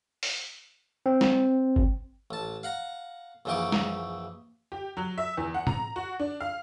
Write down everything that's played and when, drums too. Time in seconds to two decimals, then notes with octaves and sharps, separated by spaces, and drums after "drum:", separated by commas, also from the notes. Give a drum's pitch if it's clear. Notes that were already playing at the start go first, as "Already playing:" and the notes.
0.23 drum: open hi-hat
1.06 C4
1.21 drum: snare
1.76 drum: kick F#1
2.31 A1 A5
2.63 F5 F#5 A#5
3.45 A#1 F#2 C#3 E3 D#4 D6
3.72 drum: snare
4.72 G4
4.97 F#3
5.18 E5
5.37 E2
5.54 F#5
5.67 A#5, drum: tom A2
5.96 F#4
6.20 D4
6.40 F5